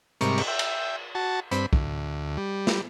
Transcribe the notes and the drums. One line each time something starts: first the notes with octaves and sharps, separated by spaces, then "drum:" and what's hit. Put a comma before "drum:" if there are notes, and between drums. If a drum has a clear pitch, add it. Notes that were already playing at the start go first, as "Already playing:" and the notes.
G#2 C3 G3 A#4 C#6, drum: hi-hat
drum: cymbal
E5 G5
drum: cymbal
F#4 A5
G2 C4 B5, drum: hi-hat
D2, drum: kick
G3
drum: snare